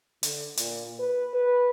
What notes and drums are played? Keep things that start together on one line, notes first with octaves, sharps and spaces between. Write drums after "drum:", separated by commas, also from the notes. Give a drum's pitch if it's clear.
D3, drum: hi-hat
A#2, drum: hi-hat
B4
B4